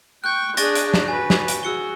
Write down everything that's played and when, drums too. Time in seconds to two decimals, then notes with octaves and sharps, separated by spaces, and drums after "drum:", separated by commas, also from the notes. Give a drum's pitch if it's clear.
0.24 G5 C#6 F#6 G6
0.57 D4 G#4 C#6 A6 A#6, drum: hi-hat
0.75 drum: hi-hat
0.94 drum: snare
1.08 F#4 B4 G#5
1.30 drum: snare
1.48 drum: hi-hat
1.63 F#4 G#4 E6 C#7 G7